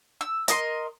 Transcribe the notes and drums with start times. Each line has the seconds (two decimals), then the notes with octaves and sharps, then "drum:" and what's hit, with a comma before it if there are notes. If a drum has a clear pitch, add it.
0.21 E6
0.48 A#4 D#5 C6, drum: hi-hat